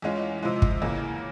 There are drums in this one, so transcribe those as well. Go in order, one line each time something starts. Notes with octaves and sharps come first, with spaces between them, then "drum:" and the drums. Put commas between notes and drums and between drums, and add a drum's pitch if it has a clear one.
E2 E3 G#3 C#4 F4
C3 F3 G#3
drum: kick
E2 C#3 E3 A#3